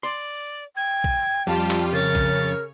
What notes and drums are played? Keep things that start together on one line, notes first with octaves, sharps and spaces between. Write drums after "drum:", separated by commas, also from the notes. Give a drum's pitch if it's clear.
D5 C6
G5 G#6
drum: kick
F2 G3 F4 G4 A5
drum: clap
C#3 A#4 C#5 A6
drum: kick